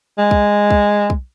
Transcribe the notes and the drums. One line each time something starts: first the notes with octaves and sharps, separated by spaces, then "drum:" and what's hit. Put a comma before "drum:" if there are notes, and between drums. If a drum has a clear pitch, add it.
G#3
drum: kick
drum: kick
drum: kick